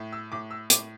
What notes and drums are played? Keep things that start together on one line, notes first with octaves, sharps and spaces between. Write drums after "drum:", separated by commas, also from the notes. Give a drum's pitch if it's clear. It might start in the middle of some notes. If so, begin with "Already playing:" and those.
Already playing: A2
E6
A2 D6
E6
A2 D6, drum: hi-hat